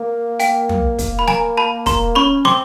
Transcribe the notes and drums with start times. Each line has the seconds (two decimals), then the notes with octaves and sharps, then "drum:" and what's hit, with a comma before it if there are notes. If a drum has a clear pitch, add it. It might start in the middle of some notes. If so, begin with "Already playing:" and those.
Already playing: A#3
0.40 F5 G5, drum: hi-hat
0.69 drum: tom
0.99 drum: kick, hi-hat
1.19 B5
1.28 G#5 A#5, drum: snare
1.57 A5 B5
1.86 A#5 C6, drum: kick, hi-hat
2.15 C#4 B5 C#6
2.45 C4 C6 D6, drum: snare